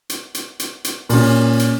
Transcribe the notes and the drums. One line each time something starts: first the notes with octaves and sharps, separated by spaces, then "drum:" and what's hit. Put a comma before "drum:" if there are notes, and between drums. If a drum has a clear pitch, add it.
drum: hi-hat
drum: hi-hat
drum: hi-hat
drum: hi-hat
A#2 C#4, drum: open hi-hat
drum: hi-hat